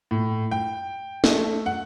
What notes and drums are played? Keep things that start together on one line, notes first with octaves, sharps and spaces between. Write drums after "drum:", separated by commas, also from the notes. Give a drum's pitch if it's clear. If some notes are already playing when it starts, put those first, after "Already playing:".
A2
G5
A3, drum: snare
F#5